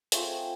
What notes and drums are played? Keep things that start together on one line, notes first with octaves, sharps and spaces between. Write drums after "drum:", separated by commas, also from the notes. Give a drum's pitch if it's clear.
A3 C4 F4 G#4, drum: hi-hat